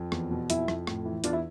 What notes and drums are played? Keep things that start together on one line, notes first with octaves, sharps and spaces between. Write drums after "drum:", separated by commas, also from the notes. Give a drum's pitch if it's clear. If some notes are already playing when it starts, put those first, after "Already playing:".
Already playing: F2
E2, drum: rim click
B2
F2 E4, drum: hi-hat
F2, drum: rim click
A2, drum: rim click
E3
E2 D4 F4, drum: hi-hat
E4